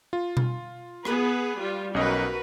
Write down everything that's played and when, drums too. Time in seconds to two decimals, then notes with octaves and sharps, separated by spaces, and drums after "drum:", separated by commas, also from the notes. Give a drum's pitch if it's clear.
0.13 F4
0.37 drum: tom B2
1.05 B3 G#4 B4, drum: rim click
1.60 G3 F4
1.95 B1 C#4 F#4 A#4 B4 D#5